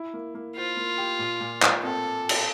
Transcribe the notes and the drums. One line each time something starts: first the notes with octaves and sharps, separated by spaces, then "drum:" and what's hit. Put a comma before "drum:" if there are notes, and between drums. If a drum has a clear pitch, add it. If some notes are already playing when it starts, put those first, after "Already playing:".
Already playing: E4
A#3
A#3
F4 C5
A#3
G4
A#2
A#2
A#2, drum: clap
C4 A4
drum: cymbal